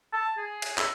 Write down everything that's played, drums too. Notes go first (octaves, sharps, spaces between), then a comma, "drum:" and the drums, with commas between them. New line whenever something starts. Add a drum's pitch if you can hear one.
A5
G#4
drum: cymbal
E5, drum: clap